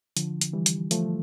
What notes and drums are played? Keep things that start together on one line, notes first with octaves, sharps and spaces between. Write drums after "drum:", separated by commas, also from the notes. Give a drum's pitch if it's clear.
D3 F3, drum: hi-hat
drum: hi-hat
E3 G3
drum: hi-hat
F3 A3, drum: hi-hat